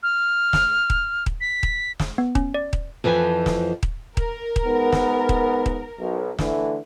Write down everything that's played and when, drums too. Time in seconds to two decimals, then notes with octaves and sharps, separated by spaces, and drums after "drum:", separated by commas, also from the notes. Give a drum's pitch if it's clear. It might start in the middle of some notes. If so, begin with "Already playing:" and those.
0.03 F6
0.53 drum: snare
0.90 drum: kick D#1
1.26 drum: kick D#1
1.41 B6
1.63 drum: kick D#1
2.00 drum: snare
2.18 B3
2.35 C#4, drum: kick D#1
2.54 D5
2.73 drum: kick D#1
3.04 F2 E3 F3 B4 G#5
3.46 drum: snare
3.83 drum: kick D#1
4.17 A#4, drum: kick D#1
4.56 drum: kick D#1
4.66 G#2 B3
4.92 drum: snare
5.29 drum: kick D#1
5.66 drum: kick D#1
5.99 B1
6.39 D3 E3 A3, drum: snare